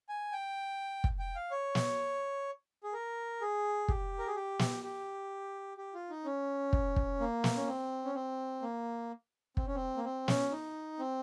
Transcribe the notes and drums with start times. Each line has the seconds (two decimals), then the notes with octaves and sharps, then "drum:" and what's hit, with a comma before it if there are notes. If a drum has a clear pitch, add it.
0.09 G#5
0.32 G5
1.04 drum: kick
1.19 G5
1.35 F5
1.51 C#5
1.75 drum: snare
2.84 G#4
2.93 A#4
3.41 G#4
3.88 G4, drum: kick
4.19 A#4
4.27 G#4
4.36 G4
4.59 drum: snare
4.84 G4
5.77 G4
5.94 F4
6.10 D#4
6.25 C#4
6.73 drum: kick
6.96 drum: kick
7.20 A#3
7.44 drum: snare
7.56 C#4
7.67 C4
8.05 C#4
8.15 C4
8.62 A#3
9.57 C4, drum: kick
9.67 C#4
9.75 C4
9.97 A#3
10.04 C4
10.28 C#4, drum: snare
10.51 D#4
10.99 C4